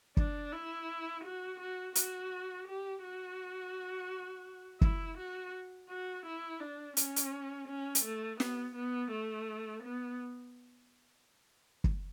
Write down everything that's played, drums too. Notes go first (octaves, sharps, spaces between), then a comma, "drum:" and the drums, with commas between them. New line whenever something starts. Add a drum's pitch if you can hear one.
D4, drum: kick
E4
F#4
F#4
F#4, drum: hi-hat
G4
F#4
E4, drum: kick
F#4
F#4
E4
D4
C#4, drum: hi-hat
drum: hi-hat
C#4
drum: hi-hat
A3
B3, drum: snare
B3
A3
B3
drum: kick